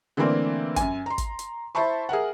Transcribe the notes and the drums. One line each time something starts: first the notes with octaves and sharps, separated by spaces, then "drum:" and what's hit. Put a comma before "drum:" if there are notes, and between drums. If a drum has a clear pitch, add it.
D3 E3 A3 A#3 C4 D4
F#2 G#5, drum: kick, hi-hat
A#5 C6
drum: kick, hi-hat
drum: hi-hat
E4 C5 E5 A5 B5 C#6
G#4 A#4 E5 F#5